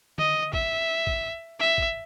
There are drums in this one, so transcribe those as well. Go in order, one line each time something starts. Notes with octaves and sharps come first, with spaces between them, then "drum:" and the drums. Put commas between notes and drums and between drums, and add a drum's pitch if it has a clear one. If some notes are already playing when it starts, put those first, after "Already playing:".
D#5, drum: tom
E5, drum: kick
drum: kick
E5
drum: kick